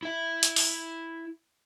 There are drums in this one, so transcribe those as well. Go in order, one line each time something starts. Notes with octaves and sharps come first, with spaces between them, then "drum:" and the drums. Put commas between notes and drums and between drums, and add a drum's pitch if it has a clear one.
E4 E5
drum: hi-hat
drum: open hi-hat